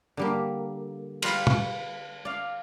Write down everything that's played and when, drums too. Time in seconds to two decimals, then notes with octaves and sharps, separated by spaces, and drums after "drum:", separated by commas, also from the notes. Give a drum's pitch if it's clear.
0.17 D3 G3 A#3
1.22 G3 F4 B4 F5 A#5 C6, drum: cymbal
1.47 drum: tom
2.25 D5 F5